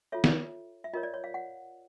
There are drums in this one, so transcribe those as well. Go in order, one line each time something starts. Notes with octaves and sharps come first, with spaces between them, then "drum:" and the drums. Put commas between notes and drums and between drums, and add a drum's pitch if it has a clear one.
F4 A4 C#5 E5
drum: snare
E5
F4 A#4 C#5 D#5
D5
C#5
F5
F#5